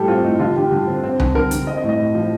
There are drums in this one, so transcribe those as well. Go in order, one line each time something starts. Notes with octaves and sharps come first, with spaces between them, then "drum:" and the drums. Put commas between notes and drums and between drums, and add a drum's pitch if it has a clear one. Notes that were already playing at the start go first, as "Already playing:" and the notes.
Already playing: A2 G3 G4 A4
C4 F4
A2 D#4
D3 F4
D3 G4
D3
C4
C4
D3, drum: tom C2
D3 A#4
D3, drum: hi-hat
C4 D#5
D#5
A2
D#5
A2
F3